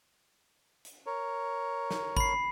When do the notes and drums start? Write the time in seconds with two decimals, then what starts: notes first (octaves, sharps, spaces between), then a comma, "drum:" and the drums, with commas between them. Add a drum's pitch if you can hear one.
0.85 drum: hi-hat
1.06 A#4 C#5
1.91 drum: snare
2.17 B5 C7, drum: kick